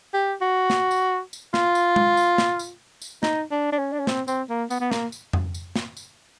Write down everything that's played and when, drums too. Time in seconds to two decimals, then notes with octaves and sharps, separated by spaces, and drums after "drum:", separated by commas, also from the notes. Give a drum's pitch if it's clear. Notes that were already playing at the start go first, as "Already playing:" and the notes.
0.14 G4
0.42 F#4
0.70 drum: snare
0.91 drum: tambourine
1.33 drum: tambourine
1.54 F4, drum: snare
1.75 drum: tambourine
1.96 drum: tom G#3
2.17 drum: tambourine
2.38 drum: snare
2.59 drum: tambourine
3.02 drum: tambourine
3.23 D#4, drum: snare
3.51 D4
3.72 D4
3.78 C#4
3.93 D4
4.00 C#4
4.07 C4, drum: snare
4.28 C4, drum: tambourine
4.50 A#3
4.70 B3, drum: tambourine
4.81 B3
4.92 A#3, drum: snare
5.12 drum: tambourine
5.33 drum: tom F2
5.54 drum: tambourine
5.76 drum: snare
5.97 drum: tambourine